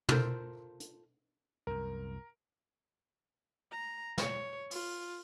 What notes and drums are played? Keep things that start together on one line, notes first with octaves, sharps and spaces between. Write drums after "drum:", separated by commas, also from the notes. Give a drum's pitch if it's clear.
F4 A4 A#4 C5, drum: tom
drum: hi-hat
C2 F#2 A#4
A#5
C#5, drum: snare
F4, drum: open hi-hat